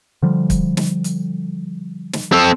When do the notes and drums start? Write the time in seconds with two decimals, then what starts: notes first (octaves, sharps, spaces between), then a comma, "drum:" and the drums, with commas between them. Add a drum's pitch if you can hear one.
0.23 D3 F3 G3
0.50 drum: kick, hi-hat
0.77 drum: snare
1.04 drum: hi-hat
2.13 drum: snare
2.32 C4 A4